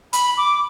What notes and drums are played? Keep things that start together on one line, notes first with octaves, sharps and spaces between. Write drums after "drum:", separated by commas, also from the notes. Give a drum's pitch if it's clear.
B5, drum: hi-hat
D6